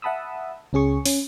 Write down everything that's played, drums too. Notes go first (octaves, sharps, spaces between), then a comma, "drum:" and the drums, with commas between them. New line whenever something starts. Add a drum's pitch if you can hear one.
E5 F#5 A5 B5 D#6 E6
C#2 C#4 G#4 C#6
C#4, drum: open hi-hat